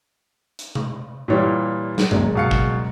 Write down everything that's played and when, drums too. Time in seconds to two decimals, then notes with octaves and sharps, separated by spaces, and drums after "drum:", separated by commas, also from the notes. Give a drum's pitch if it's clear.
0.59 drum: hi-hat
0.75 drum: tom C3
1.28 A#2 E3 G3 F4 G4 C#5
1.98 drum: snare
2.11 F#1 C#2 A#2, drum: tom F#2
2.35 B2 F5 C#7
2.51 drum: kick